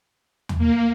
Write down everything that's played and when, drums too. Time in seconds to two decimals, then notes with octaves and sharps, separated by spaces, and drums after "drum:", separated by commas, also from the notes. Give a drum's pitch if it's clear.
0.49 drum: tom
0.58 A#3